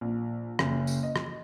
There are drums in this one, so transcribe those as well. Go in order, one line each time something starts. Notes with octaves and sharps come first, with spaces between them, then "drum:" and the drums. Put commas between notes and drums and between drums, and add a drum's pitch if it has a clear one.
A#1
F#1, drum: rim click
drum: tambourine
D#5
drum: rim click